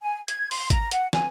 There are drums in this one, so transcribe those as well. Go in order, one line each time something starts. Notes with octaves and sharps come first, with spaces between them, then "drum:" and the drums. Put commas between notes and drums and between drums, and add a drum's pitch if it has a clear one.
G#5
G#6, drum: hi-hat
C6, drum: open hi-hat
A#5, drum: kick G#1, hi-hat
F#5, drum: hi-hat
G#5, drum: snare